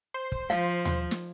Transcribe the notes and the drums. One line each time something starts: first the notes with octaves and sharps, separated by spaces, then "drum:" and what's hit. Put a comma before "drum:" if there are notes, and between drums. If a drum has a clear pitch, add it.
C5
drum: kick
F3 F5
drum: tom D#2
drum: snare